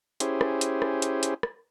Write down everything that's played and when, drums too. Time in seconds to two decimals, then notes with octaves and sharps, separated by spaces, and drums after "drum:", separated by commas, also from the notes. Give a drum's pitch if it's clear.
0.20 C#4 E4 G4 G#4 C5, drum: hi-hat
0.41 drum: rim click
0.61 drum: hi-hat
0.82 drum: rim click
1.02 drum: hi-hat
1.23 drum: hi-hat
1.43 drum: rim click